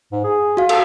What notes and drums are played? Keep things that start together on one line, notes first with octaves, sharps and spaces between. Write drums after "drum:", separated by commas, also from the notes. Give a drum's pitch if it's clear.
G#2
G#4
F#4 F5
A4, drum: cymbal